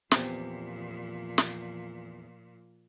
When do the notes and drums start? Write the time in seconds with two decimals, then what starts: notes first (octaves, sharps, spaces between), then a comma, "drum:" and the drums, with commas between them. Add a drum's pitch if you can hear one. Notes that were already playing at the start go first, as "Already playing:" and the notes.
0.11 E2 A#2 F3 C4 G4, drum: snare
1.38 drum: snare